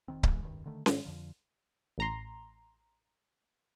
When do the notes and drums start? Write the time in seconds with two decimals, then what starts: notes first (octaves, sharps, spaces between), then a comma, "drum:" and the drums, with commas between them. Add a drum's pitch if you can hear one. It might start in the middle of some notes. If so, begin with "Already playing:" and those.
0.08 F1 C2 D#3 C4
0.23 G2 E3 G#3, drum: kick C#1
0.43 C#2 G2 D#3
0.66 D3 D#3 A3
0.86 G#2 D#3 G#3, drum: snare C#4
1.05 F2 D3 F3
1.98 A1 A#5 C6